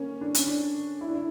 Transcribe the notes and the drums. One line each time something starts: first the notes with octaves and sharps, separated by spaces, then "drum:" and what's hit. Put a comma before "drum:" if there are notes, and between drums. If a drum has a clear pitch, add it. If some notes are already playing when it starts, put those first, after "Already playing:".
Already playing: A#3 C#4
D4
C#4, drum: hi-hat
D4
E4
D4
E4